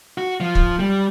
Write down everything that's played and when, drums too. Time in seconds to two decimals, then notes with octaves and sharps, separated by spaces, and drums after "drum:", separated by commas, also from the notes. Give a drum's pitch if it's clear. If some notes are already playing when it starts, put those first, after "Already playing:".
0.18 F#4
0.40 F3
0.55 drum: kick
0.79 G3